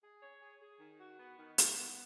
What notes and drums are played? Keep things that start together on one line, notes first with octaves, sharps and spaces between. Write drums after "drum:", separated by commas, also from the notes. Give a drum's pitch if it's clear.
G#4
C#5
G#4
G#4
D#3
F#4
B3
D#3
D#3, drum: hi-hat
B3